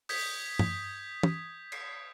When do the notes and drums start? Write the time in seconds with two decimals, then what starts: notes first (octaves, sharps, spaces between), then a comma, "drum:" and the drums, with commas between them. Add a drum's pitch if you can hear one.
0.09 D#6 G6 G#6 B6, drum: open hi-hat
0.59 drum: tom G2
1.23 drum: tom
1.72 drum: cymbal